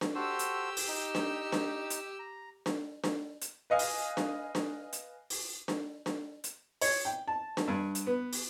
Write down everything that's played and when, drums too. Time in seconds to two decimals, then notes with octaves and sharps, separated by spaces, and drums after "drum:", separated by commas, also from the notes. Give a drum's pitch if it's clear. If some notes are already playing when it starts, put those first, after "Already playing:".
0.01 drum: snare D4
0.15 F#4 G4 A4 C5 E6
0.39 drum: hi-hat
0.77 drum: open hi-hat
0.88 D#4
1.15 drum: snare D4
1.52 drum: snare D4
1.90 drum: hi-hat
2.19 A#5
2.66 drum: snare D4
3.04 drum: snare D4
3.41 drum: hi-hat
3.70 B4 D#5 F5 G#5
3.79 drum: open hi-hat
4.17 drum: snare D4
4.55 drum: snare D4
4.93 drum: hi-hat
5.30 drum: open hi-hat
5.68 drum: snare D4
6.06 drum: snare D4
6.44 drum: hi-hat
6.81 C#5, drum: open hi-hat
7.05 G5
7.27 A5
7.57 drum: snare D4
7.68 G2
7.95 drum: hi-hat
8.07 B3
8.33 drum: open hi-hat